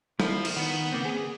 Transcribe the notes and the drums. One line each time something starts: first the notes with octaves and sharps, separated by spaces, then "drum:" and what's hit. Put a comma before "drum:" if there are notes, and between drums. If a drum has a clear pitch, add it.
F3 E4, drum: snare
drum: cymbal
D#3 B3
C#3 A#3 C4
G#4